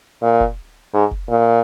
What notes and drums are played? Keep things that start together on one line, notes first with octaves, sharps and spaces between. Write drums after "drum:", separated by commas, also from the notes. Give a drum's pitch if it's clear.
A#2
drum: kick
G#2
drum: kick
A#2